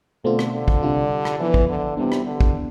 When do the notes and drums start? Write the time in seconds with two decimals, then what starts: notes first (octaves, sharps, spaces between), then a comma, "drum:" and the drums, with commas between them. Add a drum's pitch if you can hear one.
0.24 B2 D3 A3 C4 F4
0.39 drum: rim click
0.53 D3
0.68 drum: kick
0.83 C3 G3 D4 F4
1.25 drum: rim click
1.39 E3 F3 B3 D4
1.54 drum: kick
1.69 D3
1.97 C3 E3 G3 B3 D4
2.12 drum: rim click
2.26 D3
2.40 drum: kick